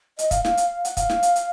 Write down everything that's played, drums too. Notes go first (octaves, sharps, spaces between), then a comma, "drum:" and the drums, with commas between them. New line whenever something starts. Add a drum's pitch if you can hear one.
D#5, drum: hi-hat
F5, drum: kick, hi-hat
F5, drum: snare
drum: hi-hat
F#5, drum: hi-hat
F5, drum: kick, hi-hat
drum: snare
drum: hi-hat
drum: hi-hat